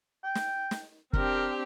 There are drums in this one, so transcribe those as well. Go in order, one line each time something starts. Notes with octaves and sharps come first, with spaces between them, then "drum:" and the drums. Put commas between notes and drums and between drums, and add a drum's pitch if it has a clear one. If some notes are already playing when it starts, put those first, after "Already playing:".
G5
drum: snare
drum: snare
C4 D4 G4 A#4, drum: kick